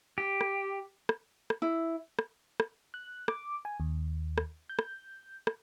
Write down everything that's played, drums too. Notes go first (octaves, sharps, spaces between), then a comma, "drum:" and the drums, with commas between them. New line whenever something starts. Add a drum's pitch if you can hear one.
G4
drum: rim click
drum: rim click
drum: rim click
E4
drum: rim click
drum: rim click
F#6
D6, drum: rim click
G#5
D#2
drum: rim click
G6
drum: rim click
drum: rim click